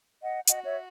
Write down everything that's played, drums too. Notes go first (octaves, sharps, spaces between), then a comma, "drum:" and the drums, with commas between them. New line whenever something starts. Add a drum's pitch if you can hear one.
D#5 F#5
F#4 D#5 F#5, drum: hi-hat
C#5 E5